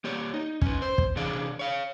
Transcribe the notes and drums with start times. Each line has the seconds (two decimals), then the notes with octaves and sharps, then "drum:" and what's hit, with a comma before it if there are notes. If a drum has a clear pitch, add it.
0.04 A#3 G4 C#5 D5
0.34 D#4
0.61 C#4 B4, drum: kick
0.82 C5
0.98 drum: kick
1.16 C3 E3 D4 G#4 D5 F5
1.59 C#5 F5